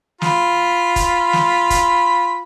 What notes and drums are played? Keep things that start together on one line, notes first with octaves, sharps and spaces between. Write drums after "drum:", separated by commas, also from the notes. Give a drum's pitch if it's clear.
F4 B5, drum: snare
drum: kick, hi-hat
drum: snare
drum: kick, hi-hat